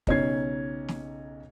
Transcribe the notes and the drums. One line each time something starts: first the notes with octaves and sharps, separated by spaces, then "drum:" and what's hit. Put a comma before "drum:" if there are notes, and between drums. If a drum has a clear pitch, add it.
B1 C#3 C#4 D#4 G#6 C7, drum: kick
drum: snare